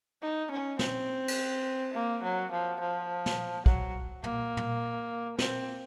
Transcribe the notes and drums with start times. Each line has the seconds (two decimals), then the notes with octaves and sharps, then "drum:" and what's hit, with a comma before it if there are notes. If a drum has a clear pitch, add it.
0.22 D#4
0.51 C#4
0.79 C4, drum: snare
1.28 drum: cymbal
1.94 A#3
2.23 F#3
2.52 F3
2.80 F3
3.26 drum: snare
3.66 F#3, drum: kick
4.24 A#3, drum: tom
4.57 drum: tom
5.38 C4, drum: snare